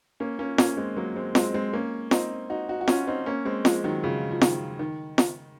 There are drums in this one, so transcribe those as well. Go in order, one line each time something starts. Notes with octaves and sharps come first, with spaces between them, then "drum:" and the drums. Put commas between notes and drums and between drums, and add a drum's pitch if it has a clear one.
A#3 C#4
A#3 C#4
A#3 C#4, drum: snare
G#3 C4
F#3 A#3
G#3 C4
G#3 C4, drum: snare
G#3 C4
A#3 C#4
C4 D#4, drum: snare
D#4 F#4
D#4 F#4
F#4
C#4 F4, drum: snare
C4 D#4
A#3 C#4
G#3 C4
F3 G#3, drum: snare
D#3 F#3
C#3 F3
F3
D#3, drum: snare
D#3
drum: snare